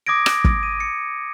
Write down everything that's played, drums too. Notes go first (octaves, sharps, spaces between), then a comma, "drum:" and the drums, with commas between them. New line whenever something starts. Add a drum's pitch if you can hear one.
D6 D#6 G#6 A#6 D7
drum: rim click
drum: kick
D#7
C#7